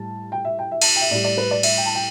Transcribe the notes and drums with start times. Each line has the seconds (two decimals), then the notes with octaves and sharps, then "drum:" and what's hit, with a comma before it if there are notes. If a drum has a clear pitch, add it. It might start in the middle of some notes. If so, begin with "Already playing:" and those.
Already playing: A2 G3 A5
0.32 G5
0.45 E5
0.59 G5
0.71 E5
0.81 A5, drum: cymbal
0.96 G5
1.01 E5
1.11 A2 G3 D5
1.24 D5
1.37 B4
1.51 D5
1.63 E5, drum: cymbal
1.77 G5
1.86 A5
1.95 G5